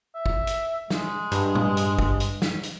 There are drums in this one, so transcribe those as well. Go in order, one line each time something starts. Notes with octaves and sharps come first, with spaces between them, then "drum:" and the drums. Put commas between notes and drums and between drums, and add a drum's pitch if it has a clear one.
E5
drum: kick
drum: hi-hat
G#3, drum: snare
G2, drum: hi-hat
drum: tom A2
drum: hi-hat
drum: kick
drum: hi-hat
drum: snare
drum: hi-hat